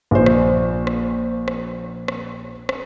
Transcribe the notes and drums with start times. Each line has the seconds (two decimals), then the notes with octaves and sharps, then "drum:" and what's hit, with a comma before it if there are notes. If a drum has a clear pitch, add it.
0.11 A#1 C5
0.26 drum: rim click
0.87 drum: rim click
1.48 drum: rim click
2.08 drum: rim click
2.69 drum: rim click